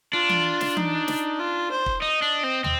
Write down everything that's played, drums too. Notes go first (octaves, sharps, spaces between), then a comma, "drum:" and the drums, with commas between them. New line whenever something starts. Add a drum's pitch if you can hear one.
D4 F4
drum: tom E3
drum: snare
D#4, drum: tom E3
drum: snare
F4
C5
drum: kick
D#4 D#5
D4
C4
C4, drum: tom